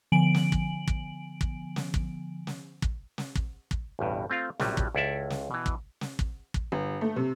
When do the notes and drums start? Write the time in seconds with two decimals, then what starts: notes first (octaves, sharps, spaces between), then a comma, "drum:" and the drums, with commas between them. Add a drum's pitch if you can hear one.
0.12 D3 F3 B3 G#5 D7 F#7
0.34 drum: snare
0.52 drum: kick
0.88 drum: kick
1.41 drum: kick
1.76 drum: snare
1.94 drum: kick
2.47 drum: snare
2.82 drum: kick
3.18 drum: snare
3.36 drum: kick
3.71 drum: kick
3.99 A1 E2 G2 B2
4.30 A3 C4 F4 F5
4.60 A#1 A2 C3 F#3 G3, drum: snare
4.77 drum: kick
4.95 C#2 E4 A4 D5 E5 A5
5.30 drum: snare
5.51 B2 E3
5.66 drum: kick
6.01 drum: snare
6.19 drum: kick
6.54 drum: kick
6.72 G1
7.01 A3
7.16 C3